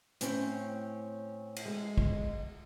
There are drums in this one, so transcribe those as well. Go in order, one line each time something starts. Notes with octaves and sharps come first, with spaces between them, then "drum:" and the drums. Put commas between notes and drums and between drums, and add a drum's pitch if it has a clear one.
A2 C4 C#4, drum: hi-hat
drum: cymbal
G#3
drum: kick